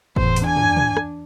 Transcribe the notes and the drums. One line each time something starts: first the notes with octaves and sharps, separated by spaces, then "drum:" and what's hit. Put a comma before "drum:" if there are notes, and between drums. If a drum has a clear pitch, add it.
E2 A2 C5, drum: kick F#1
drum: hi-hat
D4 G#5
drum: tom
drum: tom
drum: rim click